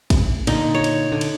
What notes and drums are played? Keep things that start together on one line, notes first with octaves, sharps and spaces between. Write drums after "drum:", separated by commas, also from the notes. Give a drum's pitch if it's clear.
drum: kick A1, cymbal
A#2 D3 D#4, drum: cymbal
C#5
drum: cymbal
D3
drum: cymbal